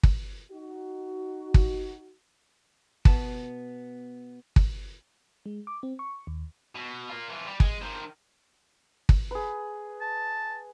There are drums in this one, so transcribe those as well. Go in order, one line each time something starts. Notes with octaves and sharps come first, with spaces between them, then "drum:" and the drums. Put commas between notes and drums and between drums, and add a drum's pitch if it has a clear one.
drum: kick
D#4 F#4
drum: kick
B2 B3 A5, drum: kick
drum: kick
G#3
D6
C4
C#6
D#2
B2
F4 A#4
E3 F4
G3
G#3, drum: kick
D#3 C5
drum: kick
G#4 B4
A5